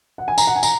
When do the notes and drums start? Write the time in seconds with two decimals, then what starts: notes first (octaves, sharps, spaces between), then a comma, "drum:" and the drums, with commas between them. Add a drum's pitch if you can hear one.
0.18 F#5
0.28 G#5
0.38 A#5, drum: tambourine
0.47 F#5
0.56 G#5
0.63 A#5, drum: tambourine